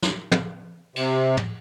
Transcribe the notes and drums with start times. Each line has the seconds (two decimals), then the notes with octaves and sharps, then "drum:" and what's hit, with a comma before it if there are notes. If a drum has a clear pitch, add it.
0.02 drum: snare
0.32 drum: tom
0.96 C3, drum: cymbal
1.37 drum: tom